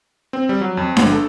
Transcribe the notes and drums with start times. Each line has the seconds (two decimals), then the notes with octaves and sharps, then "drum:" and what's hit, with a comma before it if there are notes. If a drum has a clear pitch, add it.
0.33 C4
0.49 G3
0.61 F#3
0.77 F2
0.97 G1, drum: snare D4
1.12 A4